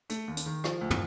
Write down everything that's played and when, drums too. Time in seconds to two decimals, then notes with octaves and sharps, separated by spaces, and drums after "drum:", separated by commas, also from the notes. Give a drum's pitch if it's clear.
0.10 A3, drum: hi-hat
0.28 D#2
0.37 drum: hi-hat
0.46 D#3
0.64 F3, drum: rim click
0.81 D2
0.90 drum: tom